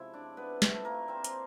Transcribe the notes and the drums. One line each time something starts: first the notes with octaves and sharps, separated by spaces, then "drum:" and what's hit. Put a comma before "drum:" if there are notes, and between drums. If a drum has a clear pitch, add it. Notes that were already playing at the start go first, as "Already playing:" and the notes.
Already playing: C3 F3 G#3 C#4 E4 E5
D4 D5
B3 B4
A3 A4, drum: snare
A#3 A#4
C4 C5
drum: hi-hat